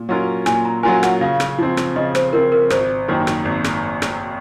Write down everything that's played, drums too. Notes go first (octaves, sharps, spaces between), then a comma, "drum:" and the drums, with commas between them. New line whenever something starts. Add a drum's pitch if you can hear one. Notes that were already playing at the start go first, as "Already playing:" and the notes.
Already playing: A#2
F#3 C#4 F4 A#4
A#2 G#5, drum: rim click
A#5
F#3 C#4 F4 A#4 G#5
F#5, drum: rim click
C#3 F5
drum: rim click
F3 C4
drum: rim click
C#3 D#5
C5, drum: rim click
F3 C4 A#4
A#4
G#1 C5, drum: rim click
F#2 D#3 A#3
drum: rim click
G#1
drum: rim click
drum: rim click